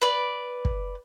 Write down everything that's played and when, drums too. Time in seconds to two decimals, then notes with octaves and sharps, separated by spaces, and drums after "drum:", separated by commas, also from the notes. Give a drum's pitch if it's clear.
0.02 B4 D5
0.65 drum: kick